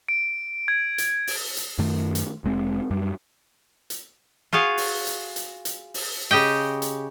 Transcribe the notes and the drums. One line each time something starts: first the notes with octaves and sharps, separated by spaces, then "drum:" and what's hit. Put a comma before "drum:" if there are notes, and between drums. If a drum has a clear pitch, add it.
D7
G#6
drum: hi-hat
drum: open hi-hat
drum: hi-hat
F#2 D#3 A3
drum: hi-hat
F1 G#3 C4
F#2 G3
drum: hi-hat
F4 F#4 G#4 F5
drum: open hi-hat
drum: hi-hat
drum: hi-hat
drum: hi-hat
drum: open hi-hat
C#3 G4 D#5 G5
drum: hi-hat